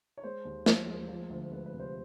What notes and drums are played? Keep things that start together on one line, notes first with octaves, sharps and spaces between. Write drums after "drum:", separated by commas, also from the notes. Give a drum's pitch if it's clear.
C#5
G#3 C5
D#2
F3 C#5, drum: snare
G#3
F3
D2
G#3 B4
B4
C3
C5